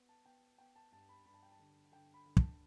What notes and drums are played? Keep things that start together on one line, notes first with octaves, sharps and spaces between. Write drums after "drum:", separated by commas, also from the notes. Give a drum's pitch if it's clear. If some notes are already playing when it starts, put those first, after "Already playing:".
Already playing: B3
A5
B3 G5
B3 G5
A5
G2 A5
B5
G2 B5
A5
G5
A5
D3
D3 G5
B5
D3
A5, drum: kick